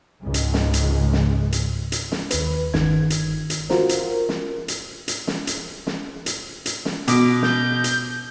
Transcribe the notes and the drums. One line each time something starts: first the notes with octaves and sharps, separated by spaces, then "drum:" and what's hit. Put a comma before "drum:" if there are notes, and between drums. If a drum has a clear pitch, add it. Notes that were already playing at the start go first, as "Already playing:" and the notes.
C#2 G#2 G#3
drum: hi-hat
drum: snare
drum: hi-hat
drum: snare
drum: hi-hat
drum: hi-hat
drum: snare
D#2 B4, drum: hi-hat
G1 D#3 G#6, drum: snare
drum: hi-hat
drum: hi-hat
F4 F#4 A#4 C5, drum: snare
drum: hi-hat
drum: snare
drum: hi-hat
drum: hi-hat
drum: snare
drum: hi-hat
drum: snare
drum: hi-hat
drum: hi-hat
drum: snare
B2 D6, drum: hi-hat
G6, drum: snare
drum: hi-hat